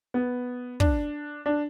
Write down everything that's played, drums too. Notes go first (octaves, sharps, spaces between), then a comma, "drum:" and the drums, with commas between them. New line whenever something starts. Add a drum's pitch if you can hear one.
B3
D4, drum: kick
D4